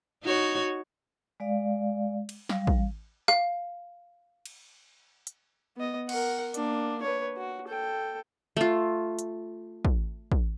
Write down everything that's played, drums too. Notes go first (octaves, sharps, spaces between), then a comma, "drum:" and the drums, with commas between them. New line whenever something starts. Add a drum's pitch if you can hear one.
D#4 F#4 C#5
G#3 D5 F5
drum: cymbal
G3 F5, drum: snare
drum: kick
F5, drum: rim click
drum: cymbal
drum: hi-hat
B3 D#5
A#4 F#5, drum: cymbal
A#3 D4, drum: hi-hat
B4 C#5
F#4
A4 G5
A3 F4
drum: hi-hat
drum: kick
drum: kick